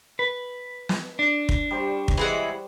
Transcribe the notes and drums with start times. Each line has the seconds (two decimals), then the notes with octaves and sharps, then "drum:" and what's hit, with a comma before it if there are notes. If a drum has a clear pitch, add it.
0.19 B4
0.89 drum: snare
1.19 D4
1.49 drum: kick
1.71 G3 C5 C#6
2.08 drum: kick
2.17 E3 G#3 F#5